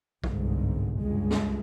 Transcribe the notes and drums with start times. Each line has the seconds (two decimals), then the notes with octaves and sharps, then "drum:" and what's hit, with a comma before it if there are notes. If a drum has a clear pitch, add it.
0.24 G1 C2 G#2, drum: kick
1.01 C#2 G2 G#3
1.31 drum: snare